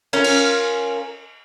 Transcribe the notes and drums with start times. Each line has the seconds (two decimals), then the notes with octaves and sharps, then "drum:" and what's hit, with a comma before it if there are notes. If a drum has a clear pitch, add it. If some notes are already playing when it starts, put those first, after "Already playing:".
0.13 C#4 F4 A#4
0.24 drum: cymbal